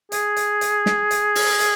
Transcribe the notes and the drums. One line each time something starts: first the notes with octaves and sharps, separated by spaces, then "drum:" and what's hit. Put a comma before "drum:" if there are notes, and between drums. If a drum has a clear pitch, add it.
G#4, drum: hi-hat
drum: hi-hat
drum: hi-hat
drum: snare
drum: hi-hat
drum: open hi-hat
drum: hi-hat